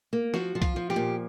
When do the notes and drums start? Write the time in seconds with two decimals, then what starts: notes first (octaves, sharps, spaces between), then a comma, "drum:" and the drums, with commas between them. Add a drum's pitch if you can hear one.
0.13 A#3
0.34 F3 F#4, drum: snare
0.55 F3
0.62 F4, drum: kick C2, hi-hat
0.76 F3
0.90 G4, drum: snare
0.96 A#2